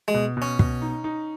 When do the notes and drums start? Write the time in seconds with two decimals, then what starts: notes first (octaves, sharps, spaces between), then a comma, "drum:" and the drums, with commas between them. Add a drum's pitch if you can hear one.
0.08 G#3
0.14 B2
0.37 B2
0.42 C#4
0.59 B2, drum: kick
0.82 D#4
1.04 D#4